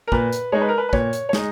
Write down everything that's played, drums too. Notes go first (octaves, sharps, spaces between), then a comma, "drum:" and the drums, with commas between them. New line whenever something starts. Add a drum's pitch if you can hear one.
A#4
A#2 B4, drum: kick
drum: hi-hat
G#3 D#4 C#5
B4
A#4
B4
B4
A#2 C#5, drum: kick
drum: hi-hat
C#5
G#3 D#4 D#5, drum: snare